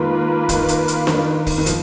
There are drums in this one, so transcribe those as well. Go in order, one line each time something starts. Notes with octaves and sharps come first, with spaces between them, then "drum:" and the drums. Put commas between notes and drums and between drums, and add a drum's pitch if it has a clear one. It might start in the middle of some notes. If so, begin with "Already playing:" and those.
Already playing: D#3 G#3 A#3 F4 B4
D#3, drum: kick, hi-hat
drum: hi-hat
drum: hi-hat
D#3, drum: snare D4
drum: kick, open hi-hat
D#3
F3, drum: hi-hat